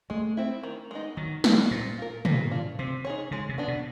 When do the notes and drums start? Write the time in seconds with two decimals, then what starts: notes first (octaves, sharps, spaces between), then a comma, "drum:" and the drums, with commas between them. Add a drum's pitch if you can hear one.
0.10 G#3 A3
0.37 C4 E4
0.63 D#3
0.91 G#3 B3 D#4
1.17 D#3 F#3
1.44 A#3 D#4 F#4 B4, drum: snare
1.71 A#2 C4
1.98 F4 A#4
2.25 A#2 A#3, drum: tom
2.51 D4 F4
2.79 C3 C4
3.05 D#4 G#4 C#5
3.31 C#3 G#3
3.49 C3
3.58 B3 D4
3.68 B2